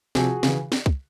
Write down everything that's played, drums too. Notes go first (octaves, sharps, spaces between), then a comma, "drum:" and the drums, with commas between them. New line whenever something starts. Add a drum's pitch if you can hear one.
C3 F3 F#4 G#4, drum: snare
C#3 E3, drum: snare
drum: snare
drum: kick